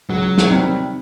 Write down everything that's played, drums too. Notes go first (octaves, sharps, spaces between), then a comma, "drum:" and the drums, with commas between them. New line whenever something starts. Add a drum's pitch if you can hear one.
C#2 F#3
drum: snare
C3 D#3 G3